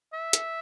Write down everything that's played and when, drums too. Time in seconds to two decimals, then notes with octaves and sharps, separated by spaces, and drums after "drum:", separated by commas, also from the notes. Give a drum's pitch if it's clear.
0.13 E5
0.33 drum: hi-hat